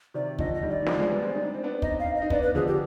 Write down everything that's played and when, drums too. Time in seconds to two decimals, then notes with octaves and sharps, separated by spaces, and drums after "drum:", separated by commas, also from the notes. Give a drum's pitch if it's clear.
0.14 C3 D#3 D5
0.39 D3 F3 D#5, drum: kick
0.55 D#5
0.63 D#3 G3
0.70 D5
0.82 D#3
0.86 D3 F3, drum: snare
0.98 F3 G#3
1.11 G3 B3
1.22 G#3 C4
1.35 D#4
1.45 D4
1.54 C4
1.64 B3 D4
1.82 C4 D#4 D#5, drum: kick
2.00 F5
2.16 D#5
2.22 D#4
2.30 B3 D4 D5, drum: kick
2.42 B4
2.55 D3 F3 G#4
2.67 G4